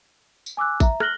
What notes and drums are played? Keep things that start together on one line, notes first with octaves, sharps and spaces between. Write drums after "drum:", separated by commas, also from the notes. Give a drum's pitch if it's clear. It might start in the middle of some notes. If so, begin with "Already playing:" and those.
drum: tambourine
G#5 D6 E6 F#6
E5 A#5, drum: kick, tambourine
F6 F#6 A#6 F#7 G7, drum: rim click